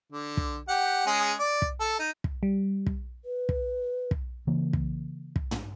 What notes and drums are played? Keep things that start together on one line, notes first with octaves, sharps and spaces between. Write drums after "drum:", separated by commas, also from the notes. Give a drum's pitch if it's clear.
D3
drum: kick
G4 F#5
G#3 C#4 G#4
D5
drum: kick
A4
D#4
drum: kick
G3
drum: kick
B4
drum: kick
drum: kick
C#3 E3 A#3
drum: kick
drum: kick
drum: tom